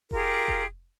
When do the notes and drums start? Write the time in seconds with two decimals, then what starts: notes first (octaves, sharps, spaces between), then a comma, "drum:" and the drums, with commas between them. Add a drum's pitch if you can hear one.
0.11 F4 G4 G#4 A#4, drum: kick F1
0.48 drum: kick F1